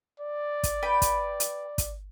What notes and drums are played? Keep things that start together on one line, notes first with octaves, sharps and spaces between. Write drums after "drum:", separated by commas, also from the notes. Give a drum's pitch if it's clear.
D5
drum: kick, hi-hat
B4 G5 B5
drum: kick, hi-hat
drum: hi-hat
drum: kick, hi-hat